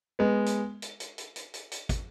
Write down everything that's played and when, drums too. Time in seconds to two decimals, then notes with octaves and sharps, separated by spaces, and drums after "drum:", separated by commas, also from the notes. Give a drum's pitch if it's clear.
0.19 G#3 B3
0.46 drum: hi-hat
0.82 drum: hi-hat
1.00 drum: hi-hat
1.18 drum: hi-hat
1.36 drum: hi-hat
1.54 drum: hi-hat
1.71 drum: hi-hat
1.89 drum: kick, hi-hat